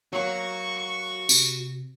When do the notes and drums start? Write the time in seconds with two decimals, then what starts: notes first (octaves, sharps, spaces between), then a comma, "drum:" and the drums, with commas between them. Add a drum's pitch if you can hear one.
0.13 F#3 A#3 F#4 C#6
1.29 C3, drum: tambourine